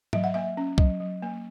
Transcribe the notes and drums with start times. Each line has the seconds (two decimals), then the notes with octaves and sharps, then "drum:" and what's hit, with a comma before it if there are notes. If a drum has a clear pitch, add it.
0.13 F#3 E5, drum: tom G#2
0.24 F#5
0.34 A#3 E5
0.57 C#4
0.78 F#3, drum: kick
1.00 F#3
1.22 A#3